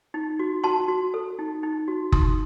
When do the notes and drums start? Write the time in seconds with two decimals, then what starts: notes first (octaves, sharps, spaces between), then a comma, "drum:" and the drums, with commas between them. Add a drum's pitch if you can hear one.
0.14 D#4
0.39 F#4
0.64 F#4 A5 C6
0.88 F#4
1.14 A4
1.39 D#4
1.63 D#4
1.88 F#4
2.12 D#4 C6 D#6, drum: kick F#1